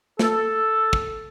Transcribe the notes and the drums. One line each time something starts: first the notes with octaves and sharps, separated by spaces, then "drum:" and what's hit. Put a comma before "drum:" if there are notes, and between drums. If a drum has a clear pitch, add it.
A4, drum: snare
drum: kick